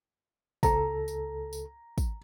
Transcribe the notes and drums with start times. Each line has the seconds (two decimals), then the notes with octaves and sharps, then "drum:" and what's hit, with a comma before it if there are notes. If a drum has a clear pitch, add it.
0.63 C#2 A4 A#5, drum: kick, tambourine
1.08 drum: tambourine
1.53 drum: tambourine
1.98 drum: kick, tambourine